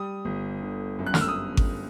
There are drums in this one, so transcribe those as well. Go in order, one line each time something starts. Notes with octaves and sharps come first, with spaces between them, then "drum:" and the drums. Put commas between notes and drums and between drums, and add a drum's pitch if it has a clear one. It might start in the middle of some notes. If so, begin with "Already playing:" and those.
Already playing: G3 D#6
G1
D3
F#2
F#6
F6, drum: snare
E6
D#6
drum: kick G#1